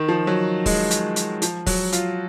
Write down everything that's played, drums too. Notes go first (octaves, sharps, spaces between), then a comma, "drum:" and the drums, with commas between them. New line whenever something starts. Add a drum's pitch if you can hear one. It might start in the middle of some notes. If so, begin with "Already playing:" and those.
Already playing: D#3
F3
F#3
G#3, drum: kick, open hi-hat
drum: hi-hat
drum: hi-hat
F3, drum: hi-hat
F#3, drum: kick, open hi-hat
F4, drum: hi-hat